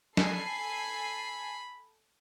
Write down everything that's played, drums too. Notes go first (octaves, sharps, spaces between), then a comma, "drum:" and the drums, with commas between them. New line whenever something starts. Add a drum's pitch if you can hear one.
A4 G#5 B5 C7, drum: snare